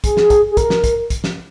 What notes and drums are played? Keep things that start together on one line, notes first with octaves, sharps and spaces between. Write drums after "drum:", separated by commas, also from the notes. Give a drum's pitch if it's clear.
G#4, drum: kick, hi-hat
drum: snare
drum: kick, hi-hat
G#4
A#4, drum: kick, hi-hat
drum: snare
drum: kick, hi-hat
drum: kick, hi-hat
drum: snare